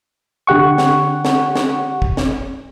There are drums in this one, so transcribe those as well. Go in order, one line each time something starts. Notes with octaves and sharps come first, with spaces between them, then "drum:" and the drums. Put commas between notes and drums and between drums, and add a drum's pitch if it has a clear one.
D3 G4 F#5 C#6
drum: snare
drum: snare
drum: snare
drum: kick
drum: snare